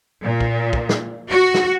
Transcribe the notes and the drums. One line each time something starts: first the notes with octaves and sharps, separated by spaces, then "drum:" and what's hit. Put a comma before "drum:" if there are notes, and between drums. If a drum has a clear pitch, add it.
A#2
drum: kick
drum: kick
drum: snare
F#4
drum: snare